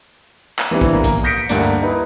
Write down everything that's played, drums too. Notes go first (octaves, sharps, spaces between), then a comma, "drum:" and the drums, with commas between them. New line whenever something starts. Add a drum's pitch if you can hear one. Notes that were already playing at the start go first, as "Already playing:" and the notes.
drum: clap
E3 G3 B3 C4 D4 E4
drum: kick
A#3 A#5
drum: kick, hi-hat
D#6 G6 A#6 B6 C#7 D7
D2 G2 A#3 D4 D5, drum: hi-hat
D#4 E4 B4